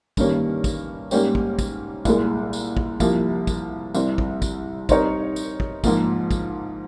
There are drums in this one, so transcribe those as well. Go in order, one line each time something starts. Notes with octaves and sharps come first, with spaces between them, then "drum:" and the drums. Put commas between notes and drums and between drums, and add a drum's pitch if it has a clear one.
G2 D#3 G3 A#3 C#4, drum: kick, tambourine
drum: kick, tambourine
G#2 G3 A#3 C#4 G4, drum: tambourine
drum: kick
drum: kick, tambourine
C2 A#2 G#3, drum: kick, tambourine
drum: tambourine
drum: kick
C2 C3 F3 A#3, drum: kick, tambourine
drum: kick, tambourine
C2 C3 G3 C4, drum: tambourine
drum: kick
drum: kick, tambourine
G3 C4 D#4 A#4 C#5, drum: kick, tambourine
drum: tambourine
drum: kick
G#2 F3 A#3 F4 A#4, drum: kick, tambourine
drum: kick, tambourine